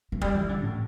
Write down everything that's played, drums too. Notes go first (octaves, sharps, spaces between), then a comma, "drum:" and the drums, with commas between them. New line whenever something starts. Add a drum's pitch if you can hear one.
E3
G3, drum: kick
E3
D3
A2